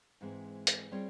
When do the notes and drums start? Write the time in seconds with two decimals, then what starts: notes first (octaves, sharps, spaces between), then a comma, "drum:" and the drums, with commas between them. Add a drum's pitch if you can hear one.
0.21 G#2 E3 G#3 C4
0.67 drum: hi-hat
0.91 G3 C4 F4 G#4 C#5